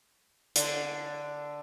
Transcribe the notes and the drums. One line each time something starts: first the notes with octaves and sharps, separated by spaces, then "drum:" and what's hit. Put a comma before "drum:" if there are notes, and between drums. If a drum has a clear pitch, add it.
D3, drum: hi-hat